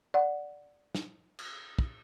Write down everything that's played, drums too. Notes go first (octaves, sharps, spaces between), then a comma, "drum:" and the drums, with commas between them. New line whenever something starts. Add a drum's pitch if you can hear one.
D5 F#5
drum: snare
drum: cymbal
drum: kick